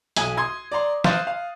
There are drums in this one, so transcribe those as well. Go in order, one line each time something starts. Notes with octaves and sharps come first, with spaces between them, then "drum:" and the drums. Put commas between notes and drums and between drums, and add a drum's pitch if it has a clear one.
B1 G#5 D#6, drum: hi-hat
C6 D#6 G#6
D5 A#5 C6
C5 F5 C6 D#6 F#6 A6, drum: snare
F5